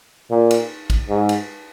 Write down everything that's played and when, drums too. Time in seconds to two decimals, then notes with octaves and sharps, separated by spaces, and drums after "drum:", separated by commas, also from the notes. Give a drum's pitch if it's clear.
0.31 A#2
0.51 drum: cymbal
0.90 drum: kick, cymbal
1.09 G#2
1.29 drum: cymbal